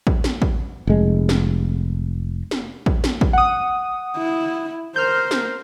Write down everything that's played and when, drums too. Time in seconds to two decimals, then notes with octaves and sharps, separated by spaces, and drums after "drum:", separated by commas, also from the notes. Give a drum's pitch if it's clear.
0.07 drum: kick
0.24 drum: snare
0.42 drum: kick
0.87 F1 G#3
1.29 drum: snare
2.51 drum: snare
2.86 drum: kick
3.04 drum: snare
3.21 drum: kick
3.33 F#5 D#6
4.16 E4
4.96 A#4 C5 F6 G6
5.31 drum: snare